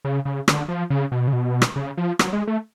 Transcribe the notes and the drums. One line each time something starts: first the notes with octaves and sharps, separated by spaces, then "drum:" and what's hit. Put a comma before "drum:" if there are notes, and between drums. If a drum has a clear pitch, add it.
C#3
C#3
D3, drum: rim click
F3
C#3
B2
C#3
B2
drum: rim click
C#3
F3
F#3, drum: rim click
G#3
A3